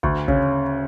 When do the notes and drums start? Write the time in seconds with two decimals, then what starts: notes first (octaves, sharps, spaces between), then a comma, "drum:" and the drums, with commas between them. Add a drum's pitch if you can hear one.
0.03 D2, drum: kick
0.28 C#3, drum: kick